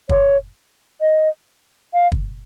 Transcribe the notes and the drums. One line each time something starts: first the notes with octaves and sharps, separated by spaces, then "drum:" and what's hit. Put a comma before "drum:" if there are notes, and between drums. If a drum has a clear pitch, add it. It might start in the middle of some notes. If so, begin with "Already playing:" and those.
C#5, drum: kick
D#5
F5
drum: kick